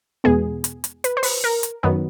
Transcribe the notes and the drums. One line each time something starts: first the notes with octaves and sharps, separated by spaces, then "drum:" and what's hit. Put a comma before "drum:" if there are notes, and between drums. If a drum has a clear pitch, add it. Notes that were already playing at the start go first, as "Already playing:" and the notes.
E2 B2 G#3 B3 G#4
drum: hi-hat
drum: hi-hat
B4, drum: hi-hat
C5
B4, drum: open hi-hat
A#4
drum: hi-hat
F#2 D#3 F#3 B3